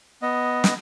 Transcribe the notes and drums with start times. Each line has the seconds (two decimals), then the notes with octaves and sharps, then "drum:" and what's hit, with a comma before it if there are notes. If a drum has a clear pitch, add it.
0.22 B3 D#5
0.64 drum: snare